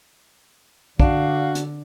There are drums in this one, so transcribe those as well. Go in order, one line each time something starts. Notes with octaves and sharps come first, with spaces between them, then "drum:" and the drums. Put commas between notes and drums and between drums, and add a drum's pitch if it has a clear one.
D3 D4 F#4 F5, drum: kick B1
drum: hi-hat